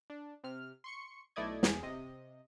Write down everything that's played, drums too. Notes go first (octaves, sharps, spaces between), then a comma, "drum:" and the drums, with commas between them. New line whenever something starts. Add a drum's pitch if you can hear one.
D4
C3 F6
C6 C#6 C#7
B1 A3 E4 D5 D#5 G#6
E2 G#4, drum: snare
C3 D#5